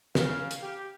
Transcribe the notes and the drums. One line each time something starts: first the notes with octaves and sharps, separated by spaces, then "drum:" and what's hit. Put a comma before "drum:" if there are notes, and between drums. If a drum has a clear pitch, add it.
C#3 F5, drum: snare
drum: hi-hat
G4